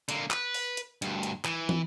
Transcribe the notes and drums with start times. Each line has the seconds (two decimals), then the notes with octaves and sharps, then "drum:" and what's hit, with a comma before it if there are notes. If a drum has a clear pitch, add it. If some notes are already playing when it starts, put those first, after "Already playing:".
0.09 D3 A#3, drum: hi-hat
0.31 B4, drum: clap
0.54 drum: open hi-hat
0.77 drum: hi-hat
1.02 D2 G2, drum: hi-hat
1.23 drum: hi-hat
1.45 E3, drum: clap
1.69 drum: tom